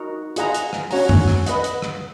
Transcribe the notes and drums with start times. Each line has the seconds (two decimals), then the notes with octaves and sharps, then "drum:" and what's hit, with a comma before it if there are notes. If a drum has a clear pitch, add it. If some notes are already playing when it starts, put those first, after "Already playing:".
Already playing: D#4 F#4 A#4 D#5
0.36 F4 G#4 D#5 F#5 A#5, drum: hi-hat
0.54 drum: hi-hat
0.73 drum: rim click
0.91 C#4 F#4 C#5 F#5 A#5, drum: open hi-hat
1.09 drum: tom
1.28 drum: rim click
1.46 B4 D#5 F#5, drum: hi-hat
1.64 drum: hi-hat
1.82 drum: rim click